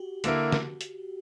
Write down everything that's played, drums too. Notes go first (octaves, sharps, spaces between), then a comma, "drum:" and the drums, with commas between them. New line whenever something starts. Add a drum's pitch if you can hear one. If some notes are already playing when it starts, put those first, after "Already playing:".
Already playing: F#4 G4
D3 A#3 E4 A#4, drum: hi-hat
drum: snare
drum: hi-hat